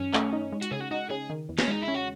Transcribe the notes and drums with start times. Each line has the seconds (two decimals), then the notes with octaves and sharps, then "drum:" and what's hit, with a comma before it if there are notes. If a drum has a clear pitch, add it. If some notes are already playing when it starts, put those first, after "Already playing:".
Already playing: F#2 D#3 C#4
0.13 A3, drum: clap
0.33 D#4
0.52 G#3
0.62 F#4, drum: hi-hat
0.71 C#3 G#4
0.81 F#4
0.91 D#4 F#4
1.10 C#3 G#4
1.30 D#3
1.49 E2
1.59 C#4, drum: snare
1.68 G#3 D#4
1.83 C#4 E4
1.95 F#4